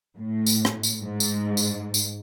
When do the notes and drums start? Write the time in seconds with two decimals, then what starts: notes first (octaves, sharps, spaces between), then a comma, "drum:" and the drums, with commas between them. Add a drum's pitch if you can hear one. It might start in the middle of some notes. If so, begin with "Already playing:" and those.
0.18 A2
0.47 drum: tambourine
0.65 drum: rim click
0.83 drum: tambourine
1.02 G#2
1.20 drum: tambourine
1.57 drum: tambourine
1.94 drum: tambourine